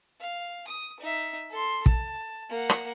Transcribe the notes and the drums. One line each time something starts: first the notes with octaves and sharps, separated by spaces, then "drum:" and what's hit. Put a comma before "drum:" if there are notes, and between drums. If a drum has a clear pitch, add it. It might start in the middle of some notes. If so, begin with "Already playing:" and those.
F5
D#6
D#4 E5
A4 C6
A5, drum: kick
A#3 F#5
drum: rim click